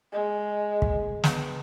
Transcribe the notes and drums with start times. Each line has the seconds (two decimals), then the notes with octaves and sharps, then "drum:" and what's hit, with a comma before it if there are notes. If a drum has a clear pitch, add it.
0.12 G#3
0.82 drum: kick
1.24 B3, drum: snare